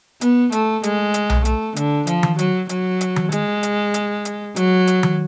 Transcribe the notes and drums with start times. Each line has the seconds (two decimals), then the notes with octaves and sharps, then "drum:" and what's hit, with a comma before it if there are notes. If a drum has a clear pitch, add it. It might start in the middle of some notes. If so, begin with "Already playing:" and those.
0.21 B3, drum: hi-hat
0.52 A3, drum: hi-hat
0.83 G#3, drum: hi-hat
1.14 drum: hi-hat
1.30 drum: tom B1
1.45 A3, drum: hi-hat
1.76 D3, drum: hi-hat
2.07 F3, drum: hi-hat
2.23 drum: tom D#3
2.39 F#3, drum: hi-hat
2.69 F#3, drum: hi-hat
3.01 drum: hi-hat
3.16 drum: tom D#3
3.32 G#3, drum: hi-hat
3.63 drum: hi-hat
3.94 drum: hi-hat
4.25 drum: hi-hat
4.56 F#3, drum: hi-hat
4.87 drum: hi-hat
5.03 drum: tom D#3